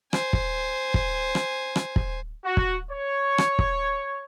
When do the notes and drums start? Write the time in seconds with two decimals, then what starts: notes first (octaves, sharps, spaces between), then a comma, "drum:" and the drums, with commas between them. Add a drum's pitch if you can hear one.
0.13 C5 G#5, drum: rim click
0.33 drum: kick
0.94 drum: kick
1.35 drum: rim click
1.76 drum: rim click
1.96 drum: kick
2.45 F#4
2.57 drum: kick
2.91 C#5
3.38 drum: rim click
3.59 drum: kick